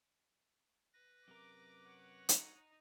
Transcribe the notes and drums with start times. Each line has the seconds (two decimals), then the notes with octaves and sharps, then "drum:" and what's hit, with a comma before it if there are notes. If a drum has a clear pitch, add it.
0.93 B4 A#6
1.28 F#2 C3 A#4 D6
1.85 C#5 F#5
2.29 D#4, drum: hi-hat